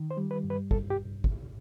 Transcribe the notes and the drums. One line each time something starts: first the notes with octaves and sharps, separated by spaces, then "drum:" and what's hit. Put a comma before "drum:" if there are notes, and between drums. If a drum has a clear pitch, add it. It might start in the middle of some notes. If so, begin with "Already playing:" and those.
Already playing: D#3
C5
G3
B4
G2
B4
G2 A4, drum: kick
G4
drum: kick